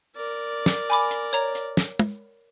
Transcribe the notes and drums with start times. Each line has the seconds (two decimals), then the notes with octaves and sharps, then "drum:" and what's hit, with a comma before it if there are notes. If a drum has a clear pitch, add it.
0.16 A#4 D5
0.66 drum: snare
0.90 G#5 B5 D6
1.11 drum: hi-hat
1.33 C#5 A#5 F7
1.55 drum: hi-hat
1.77 drum: snare
1.99 drum: tom